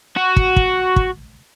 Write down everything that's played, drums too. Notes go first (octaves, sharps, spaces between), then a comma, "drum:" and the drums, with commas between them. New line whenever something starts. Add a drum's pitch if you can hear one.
F#4
drum: kick
drum: kick
drum: kick